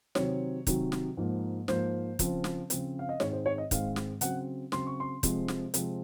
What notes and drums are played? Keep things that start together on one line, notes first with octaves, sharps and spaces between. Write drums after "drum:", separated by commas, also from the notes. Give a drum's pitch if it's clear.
C3 D#3 F#3 C4 C#5, drum: snare
C3 D#3 F#3 C4, drum: kick, hi-hat
drum: snare
G#2 F3 A#3
G#2 F3 A#3 C5, drum: snare
C#3 F3 C4, drum: kick, hi-hat
drum: snare
C#3 F3 C4, drum: hi-hat
F5
D#5
G#2 D#3 G#3 C4 C#5, drum: snare
C5
C#5
D#5
G#2 D#3 G#3 C4 F5, drum: kick, hi-hat
drum: snare
C#3 F#3 C4 F#5, drum: hi-hat
C#3 F#3 C4 C6, drum: snare
C#6
C6
C3 F3 G#3 C4, drum: kick, hi-hat
drum: snare
C3 F3 G#3 C4, drum: hi-hat